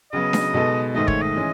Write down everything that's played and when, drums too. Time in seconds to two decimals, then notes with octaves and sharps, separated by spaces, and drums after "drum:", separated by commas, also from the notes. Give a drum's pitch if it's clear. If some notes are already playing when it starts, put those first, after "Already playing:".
0.12 C#3 F#3 B3 D#5
0.33 drum: snare D4
0.54 B2 G#3 B3 D#4 A4
0.95 G#2 D#3 A3 D#5
1.08 C#5, drum: kick
1.22 D#5
1.36 E3 G#3 C#4